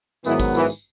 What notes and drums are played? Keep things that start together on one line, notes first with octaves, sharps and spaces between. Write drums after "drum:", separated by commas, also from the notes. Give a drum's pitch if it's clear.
G#2 D#3 E3 F#3 B3, drum: tambourine
drum: kick G#1, tambourine
E3, drum: tambourine
drum: tambourine